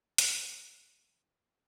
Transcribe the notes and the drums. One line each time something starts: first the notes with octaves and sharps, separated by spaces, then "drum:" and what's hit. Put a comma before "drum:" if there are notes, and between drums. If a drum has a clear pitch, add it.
B3, drum: hi-hat
F3
A#2
A#2
B3
F3
D#4
A#3